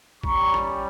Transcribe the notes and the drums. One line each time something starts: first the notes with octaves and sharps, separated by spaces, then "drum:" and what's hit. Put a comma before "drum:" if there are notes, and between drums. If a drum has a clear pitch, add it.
G3 C#4 G4 A#5 C#6, drum: kick
drum: rim click